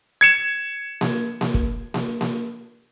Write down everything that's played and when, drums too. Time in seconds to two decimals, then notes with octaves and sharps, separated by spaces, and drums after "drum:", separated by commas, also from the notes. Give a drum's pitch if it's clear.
0.21 G#6 C#7 E7
1.01 drum: snare A#3
1.41 drum: snare A#3
1.54 drum: kick
1.94 drum: snare A#3
2.21 drum: snare A#3